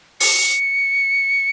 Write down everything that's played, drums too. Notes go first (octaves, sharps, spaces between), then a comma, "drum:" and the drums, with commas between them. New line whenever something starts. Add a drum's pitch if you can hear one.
C#7, drum: open hi-hat